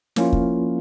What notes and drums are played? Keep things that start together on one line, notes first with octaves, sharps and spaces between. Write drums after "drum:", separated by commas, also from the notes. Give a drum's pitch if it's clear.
F3 A#3 C#4 E4 F4, drum: snare
drum: kick